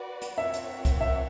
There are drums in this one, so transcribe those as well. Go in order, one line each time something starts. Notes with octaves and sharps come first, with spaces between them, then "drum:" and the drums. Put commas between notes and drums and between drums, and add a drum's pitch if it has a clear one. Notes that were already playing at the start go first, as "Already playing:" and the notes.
Already playing: F#4 B4 D5 F#5
drum: hi-hat
C4 F4 A#4 C#5 E5 F#5
drum: hi-hat
drum: kick C2, hi-hat
E5